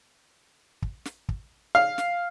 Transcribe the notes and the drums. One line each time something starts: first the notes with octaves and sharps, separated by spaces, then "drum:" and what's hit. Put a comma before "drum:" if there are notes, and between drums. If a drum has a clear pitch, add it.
drum: kick
drum: snare
drum: kick
F5
drum: snare